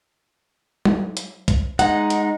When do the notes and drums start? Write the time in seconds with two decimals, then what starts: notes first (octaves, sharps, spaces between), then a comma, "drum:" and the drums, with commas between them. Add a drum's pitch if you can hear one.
0.85 drum: tom F#3
1.17 drum: hi-hat
1.48 drum: kick, hi-hat
1.79 G#3 D#4 F#5, drum: hi-hat
2.10 drum: hi-hat